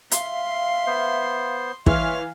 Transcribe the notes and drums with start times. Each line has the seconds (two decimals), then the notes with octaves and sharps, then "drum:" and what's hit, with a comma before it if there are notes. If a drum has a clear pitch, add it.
0.11 E5 F5 C6, drum: hi-hat
0.87 B3 C5
1.86 E3 C#5 E5 F5 C6 F6, drum: kick